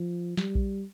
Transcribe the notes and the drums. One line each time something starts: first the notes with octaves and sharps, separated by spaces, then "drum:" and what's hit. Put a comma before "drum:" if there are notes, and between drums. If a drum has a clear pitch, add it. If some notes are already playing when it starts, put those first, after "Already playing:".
Already playing: F3
G3, drum: snare
drum: kick A#1